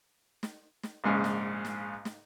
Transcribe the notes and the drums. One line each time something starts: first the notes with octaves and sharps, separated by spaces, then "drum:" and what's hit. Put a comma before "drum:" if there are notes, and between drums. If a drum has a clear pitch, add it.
drum: snare
drum: snare
A#1 G#2 C#3
drum: snare
drum: snare
drum: snare